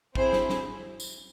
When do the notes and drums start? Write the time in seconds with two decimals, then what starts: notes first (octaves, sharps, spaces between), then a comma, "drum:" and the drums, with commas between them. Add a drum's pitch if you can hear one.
0.15 C4 E4 G#4 C5, drum: kick
0.33 drum: snare
0.50 drum: snare
1.00 drum: tambourine